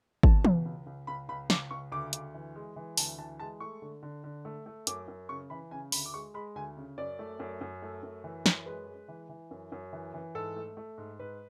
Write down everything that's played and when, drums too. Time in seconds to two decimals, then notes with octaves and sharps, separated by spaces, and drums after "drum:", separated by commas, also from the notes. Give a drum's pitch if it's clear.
0.23 B2 A5, drum: kick G#1
0.45 C#2, drum: tom E3
0.65 C#2
0.87 C#2
1.07 C#2 B5
1.29 C#2 B5
1.50 C#2 D6, drum: snare
1.71 C#2 C#6
1.92 D2 D6
2.13 D2, drum: hi-hat
2.34 E3
2.55 G#3
2.76 E3
2.97 D2 A5, drum: open hi-hat
3.18 E3 A5
3.39 G#3 A5
3.60 A3 C#6
3.82 D3
4.03 D3
4.24 D3
4.45 A3
4.66 A3
4.87 F#2 D6, drum: hi-hat
5.08 F#2
5.29 C#3 C#6
5.50 E3 B5
5.71 C#3 G#5
5.92 D2 B5, drum: open hi-hat
6.06 D6
6.14 G#3 C#6
6.34 G#3 B5
6.55 D2 G#5
6.77 C#3
6.98 F#2 D5
7.19 A3
7.40 F#2
7.61 F#2
7.82 A3
8.03 F#2
8.24 E3
8.46 F#2, drum: snare
8.66 G#3 B4
8.87 G#3
9.08 E3
9.29 E3
9.51 F#2
9.72 F#2
9.93 E3
10.14 E3
10.35 G#2 A4
10.56 A3
10.77 A3
10.98 G#2
11.19 G#2 B4